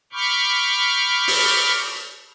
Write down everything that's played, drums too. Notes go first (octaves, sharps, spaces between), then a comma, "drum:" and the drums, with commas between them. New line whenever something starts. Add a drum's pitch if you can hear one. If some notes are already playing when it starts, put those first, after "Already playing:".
B5 C#6 D6 F6 G6
drum: open hi-hat